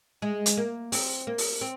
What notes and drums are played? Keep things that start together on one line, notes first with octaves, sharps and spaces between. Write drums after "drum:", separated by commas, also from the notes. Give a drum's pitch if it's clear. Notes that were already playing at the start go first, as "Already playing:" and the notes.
G#3
drum: hi-hat
A#3
C4, drum: open hi-hat
A#3
drum: open hi-hat
C4